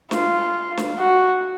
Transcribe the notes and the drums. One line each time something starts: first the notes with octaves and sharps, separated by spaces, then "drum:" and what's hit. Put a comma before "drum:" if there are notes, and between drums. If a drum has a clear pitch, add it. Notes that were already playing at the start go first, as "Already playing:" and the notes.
F4, drum: snare
drum: snare
F#4